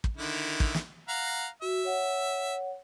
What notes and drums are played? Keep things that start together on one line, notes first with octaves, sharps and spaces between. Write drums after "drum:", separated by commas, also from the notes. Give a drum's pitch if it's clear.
drum: kick
D3 D#3 E4
drum: kick
drum: snare
F5 F#5 A#5
F#4 E5
C#5 F#5